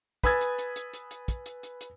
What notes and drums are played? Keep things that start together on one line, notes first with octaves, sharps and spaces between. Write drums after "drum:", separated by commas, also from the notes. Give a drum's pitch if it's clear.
B4 G#5 D#6 E6 G#6 A6, drum: kick, hi-hat
drum: hi-hat
drum: hi-hat
drum: hi-hat
drum: hi-hat
drum: hi-hat
drum: kick, hi-hat
drum: hi-hat
drum: hi-hat
drum: hi-hat